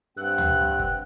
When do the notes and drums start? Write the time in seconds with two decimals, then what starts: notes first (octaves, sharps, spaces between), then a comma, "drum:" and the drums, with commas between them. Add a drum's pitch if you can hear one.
0.17 G2 C4 F#5 E6 F#6
0.38 drum: tom D2
0.79 drum: kick G1